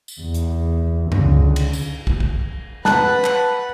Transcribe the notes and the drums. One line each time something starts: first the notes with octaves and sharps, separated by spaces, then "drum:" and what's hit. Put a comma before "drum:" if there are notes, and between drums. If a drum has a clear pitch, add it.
drum: tambourine
E2
drum: hi-hat
C#2 D3, drum: tom F#2
drum: cymbal
drum: tambourine
drum: kick
drum: kick
B4 F#5 A5 F#6, drum: snare
drum: clap